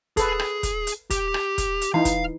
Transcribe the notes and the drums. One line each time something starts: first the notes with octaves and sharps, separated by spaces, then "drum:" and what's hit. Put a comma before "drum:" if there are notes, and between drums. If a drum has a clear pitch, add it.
G#4 A4 B4, drum: kick, hi-hat
drum: rim click
drum: kick, hi-hat
drum: hi-hat
G4, drum: kick, hi-hat
drum: rim click
drum: kick, hi-hat
drum: hi-hat
E3 D#4 F5
drum: kick, hi-hat